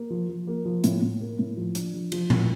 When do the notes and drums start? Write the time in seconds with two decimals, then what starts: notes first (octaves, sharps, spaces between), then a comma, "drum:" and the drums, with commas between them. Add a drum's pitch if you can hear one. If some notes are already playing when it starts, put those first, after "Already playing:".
Already playing: A#3
0.10 F3
0.29 F3
0.47 A#3
0.65 F3
0.84 A2, drum: hi-hat
1.02 A2
1.20 A#3
1.39 A2
1.57 F3
1.75 D4, drum: hi-hat
1.94 F3
2.12 F3, drum: cymbal
2.30 A2, drum: tom A#2